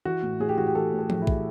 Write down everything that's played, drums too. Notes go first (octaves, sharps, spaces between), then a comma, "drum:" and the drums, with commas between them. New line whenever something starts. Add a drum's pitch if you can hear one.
E3 F#4
A2
A2 G#4
G4
E3 F#4
G4
E3 A4
A2
A4
A2, drum: tom F3
E4
E3, drum: kick